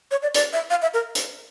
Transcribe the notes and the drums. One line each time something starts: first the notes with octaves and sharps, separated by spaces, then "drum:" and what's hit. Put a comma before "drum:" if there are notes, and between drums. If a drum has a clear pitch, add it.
C#5
D5
D5, drum: hi-hat
E5
F5
E5
A#4
drum: hi-hat